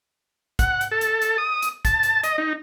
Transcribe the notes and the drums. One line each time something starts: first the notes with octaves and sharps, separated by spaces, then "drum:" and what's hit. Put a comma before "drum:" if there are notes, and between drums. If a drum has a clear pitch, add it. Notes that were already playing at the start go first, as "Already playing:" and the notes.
F#5, drum: kick, hi-hat
drum: hi-hat
A4
drum: hi-hat
drum: hi-hat
D#6
drum: hi-hat
A5, drum: kick, hi-hat
drum: hi-hat
D#5, drum: hi-hat
D#4